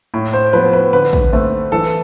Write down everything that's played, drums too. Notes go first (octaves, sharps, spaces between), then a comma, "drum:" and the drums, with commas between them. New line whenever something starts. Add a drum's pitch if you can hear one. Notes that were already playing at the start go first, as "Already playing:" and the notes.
A2
C5
F3 B3 B4
B4
D3 B4
drum: kick
A3 C4
E3 A4